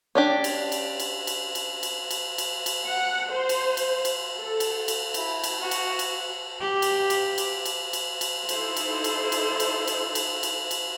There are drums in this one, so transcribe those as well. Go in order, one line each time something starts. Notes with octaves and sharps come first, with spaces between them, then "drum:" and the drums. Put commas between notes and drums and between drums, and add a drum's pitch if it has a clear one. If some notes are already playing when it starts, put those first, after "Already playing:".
C#4 D4 G4
drum: cymbal
drum: cymbal
drum: cymbal
drum: cymbal
drum: cymbal
drum: cymbal
drum: cymbal
drum: cymbal
drum: cymbal
F#5
C5
drum: cymbal
drum: cymbal
drum: cymbal
A4
drum: cymbal
drum: cymbal
E4, drum: cymbal
drum: cymbal
F#4
drum: cymbal
drum: cymbal
G4
drum: cymbal
drum: cymbal
drum: cymbal
drum: cymbal
drum: cymbal
drum: cymbal
D#4 E4 A4 C5, drum: cymbal
drum: cymbal
drum: cymbal
drum: cymbal
drum: cymbal
drum: cymbal
drum: cymbal
drum: cymbal
drum: cymbal